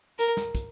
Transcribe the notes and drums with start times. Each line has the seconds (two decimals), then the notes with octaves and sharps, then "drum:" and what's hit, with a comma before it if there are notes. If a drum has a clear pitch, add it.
0.19 A#4, drum: hi-hat
0.37 drum: snare
0.55 drum: kick, hi-hat